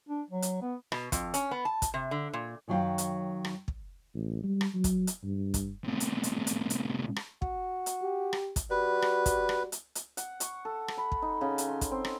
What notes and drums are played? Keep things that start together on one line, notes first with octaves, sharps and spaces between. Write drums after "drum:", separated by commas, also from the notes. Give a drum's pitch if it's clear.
D4
F#3
drum: hi-hat
B3
B2, drum: rim click
F2, drum: kick, hi-hat
C#4, drum: hi-hat
B3
A5
drum: kick, hi-hat
C3
D3
A#2
F#2 D#3 F#3 F#4 F5 G5
drum: hi-hat
drum: rim click
drum: kick
A1
G3
drum: rim click
F#3
drum: kick, hi-hat
drum: hi-hat
G2
drum: kick, hi-hat
A2 C3
drum: hi-hat
drum: hi-hat
drum: hi-hat
drum: hi-hat
drum: rim click
F#4, drum: kick
drum: hi-hat
G4
drum: rim click
drum: kick, hi-hat
G3 F#4 B4
drum: rim click
drum: kick, hi-hat
drum: rim click
drum: hi-hat
drum: hi-hat
F#5, drum: hi-hat
C#6, drum: hi-hat
A4
drum: rim click
B5
drum: kick
D#4
C#3
drum: hi-hat
C6
drum: kick, hi-hat
C4
drum: rim click